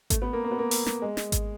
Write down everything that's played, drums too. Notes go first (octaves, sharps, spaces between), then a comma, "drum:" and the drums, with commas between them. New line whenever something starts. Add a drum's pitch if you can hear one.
A3, drum: kick G#1, hi-hat
B3
A#3
A#3
B3
A#3
drum: open hi-hat
drum: snare
G#3
drum: snare
drum: kick G#1, hi-hat